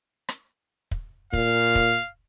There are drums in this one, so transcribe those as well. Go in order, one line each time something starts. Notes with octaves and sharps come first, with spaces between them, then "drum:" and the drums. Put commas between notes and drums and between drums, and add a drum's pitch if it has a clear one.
drum: rim click
drum: kick
A#2 F5, drum: kick
drum: kick